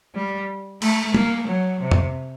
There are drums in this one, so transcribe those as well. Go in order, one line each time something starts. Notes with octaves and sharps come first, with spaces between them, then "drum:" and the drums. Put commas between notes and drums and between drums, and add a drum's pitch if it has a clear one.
G3
A3, drum: cymbal
A#3, drum: tom
F#3
C3
drum: tom